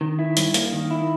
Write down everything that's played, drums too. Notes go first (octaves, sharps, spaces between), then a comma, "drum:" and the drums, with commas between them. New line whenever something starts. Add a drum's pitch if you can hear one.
D#3
E4
G2, drum: hi-hat
A#3, drum: hi-hat
D#3
E4